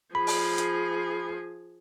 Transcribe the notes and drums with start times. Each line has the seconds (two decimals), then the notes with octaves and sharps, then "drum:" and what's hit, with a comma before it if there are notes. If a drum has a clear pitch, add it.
0.15 F3 G#4 B5
0.27 drum: open hi-hat
0.58 drum: hi-hat